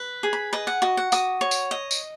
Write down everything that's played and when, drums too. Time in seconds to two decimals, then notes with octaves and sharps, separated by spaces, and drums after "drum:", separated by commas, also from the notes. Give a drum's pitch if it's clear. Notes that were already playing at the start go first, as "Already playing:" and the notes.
Already playing: B4
0.23 G#4
0.33 B5
0.53 B4 D#5
0.67 F#5
0.82 F#4 D#5
0.97 F#5
1.12 F#4 D#6, drum: tambourine
1.41 C#5
1.51 drum: tambourine
1.71 D#5
1.91 drum: tambourine